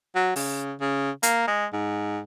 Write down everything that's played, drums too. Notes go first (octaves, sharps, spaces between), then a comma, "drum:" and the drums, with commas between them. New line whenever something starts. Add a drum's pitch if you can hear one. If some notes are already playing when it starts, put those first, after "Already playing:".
F#3
C#3, drum: open hi-hat
C#3
A#3, drum: hi-hat
G#3
G#2